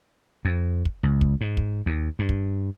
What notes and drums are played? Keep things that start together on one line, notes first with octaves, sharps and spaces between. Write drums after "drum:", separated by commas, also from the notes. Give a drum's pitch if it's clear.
F2
drum: kick
C#2
drum: kick
G#2
drum: kick
D#2
G2
drum: kick